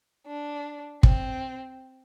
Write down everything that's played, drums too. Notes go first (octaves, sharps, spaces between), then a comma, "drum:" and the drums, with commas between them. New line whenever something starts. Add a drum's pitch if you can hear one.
D4
C4, drum: kick